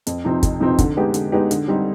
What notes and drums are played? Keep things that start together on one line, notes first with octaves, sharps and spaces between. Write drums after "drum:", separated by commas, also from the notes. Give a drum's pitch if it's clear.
F2, drum: hi-hat
C3 F3 C4 D#4
F2, drum: kick, hi-hat
C3 F3 C4 D#4
D3, drum: kick, hi-hat
G#3 B3 D#4 G4
D3, drum: hi-hat
G#3 B3 D#4 G4
D3, drum: hi-hat
G3 C4 D#4